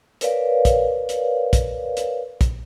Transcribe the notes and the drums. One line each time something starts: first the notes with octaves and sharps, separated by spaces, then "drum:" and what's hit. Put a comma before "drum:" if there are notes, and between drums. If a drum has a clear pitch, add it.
A#4 B4 C#5 D5 F5, drum: hi-hat
drum: kick, hi-hat
drum: hi-hat
drum: kick, hi-hat
drum: hi-hat
drum: kick, hi-hat